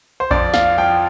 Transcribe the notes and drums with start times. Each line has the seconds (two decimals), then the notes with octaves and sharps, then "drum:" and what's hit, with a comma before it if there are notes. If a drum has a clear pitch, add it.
0.20 C5
0.31 F2 D5, drum: kick A#1
0.54 F5, drum: snare
0.78 F3 G5